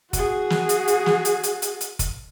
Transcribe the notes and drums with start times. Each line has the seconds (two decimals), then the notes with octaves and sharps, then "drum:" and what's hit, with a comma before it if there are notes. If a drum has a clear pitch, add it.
0.13 F#4 G#4, drum: kick F#1, hi-hat
0.50 drum: snare
0.69 drum: hi-hat
0.88 drum: hi-hat
1.06 drum: snare
1.25 drum: hi-hat
1.43 drum: hi-hat
1.62 drum: hi-hat
1.81 drum: hi-hat
1.99 drum: kick F#1, hi-hat